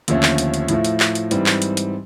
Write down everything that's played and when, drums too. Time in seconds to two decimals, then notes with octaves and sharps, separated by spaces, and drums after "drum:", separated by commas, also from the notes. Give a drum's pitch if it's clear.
0.08 D#2 D3 F3 A3 C#4, drum: hi-hat
0.23 drum: clap
0.38 drum: hi-hat
0.54 drum: hi-hat
0.68 A2 F3 A3, drum: hi-hat
0.85 drum: hi-hat
1.00 drum: clap
1.15 drum: hi-hat
1.31 G#2 E3 G3 C4, drum: hi-hat
1.46 drum: clap
1.62 drum: hi-hat
1.77 drum: hi-hat